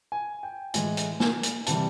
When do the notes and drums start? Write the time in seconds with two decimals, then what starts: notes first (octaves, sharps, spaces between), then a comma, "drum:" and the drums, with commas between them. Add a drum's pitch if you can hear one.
0.12 G#5
0.43 G5
0.74 A2 E3 G#3 G#5, drum: hi-hat
0.97 drum: hi-hat
1.20 G#5, drum: snare
1.43 drum: hi-hat
1.66 C3 E3 G3 A5, drum: hi-hat